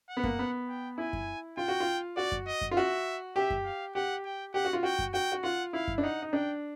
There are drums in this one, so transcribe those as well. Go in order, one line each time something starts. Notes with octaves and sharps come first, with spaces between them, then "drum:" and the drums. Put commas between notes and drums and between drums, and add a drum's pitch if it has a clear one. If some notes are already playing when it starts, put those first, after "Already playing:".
F#5
B3
A#3, drum: kick F#2
B3
G5
E4 G#5
drum: kick F#2
F4 G5
F#4
F4
F#4 D5
drum: kick F#2
D#5
drum: kick F#2
F4
F#4 E5
G4 E5
drum: kick F#2
F5
G4 F#5
G5
G4 F#5
F#4
F4
F#4 G5
drum: kick F#2
F#4 G5
F#4
F4 F#5
E4 F5
drum: kick F#2
D4
D#4 F#5
D#4
D4 G5